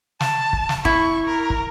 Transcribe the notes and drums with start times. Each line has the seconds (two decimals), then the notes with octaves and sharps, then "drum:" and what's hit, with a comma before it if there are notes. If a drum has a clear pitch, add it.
0.21 A5, drum: snare
0.53 drum: kick
0.69 drum: snare
0.85 E4 C#6, drum: kick
1.27 A#4
1.50 drum: kick